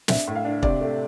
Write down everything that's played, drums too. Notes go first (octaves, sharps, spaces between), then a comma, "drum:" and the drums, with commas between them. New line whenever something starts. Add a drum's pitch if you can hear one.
D4 E5, drum: snare
A2
F5
D4
C3 D5, drum: kick
A3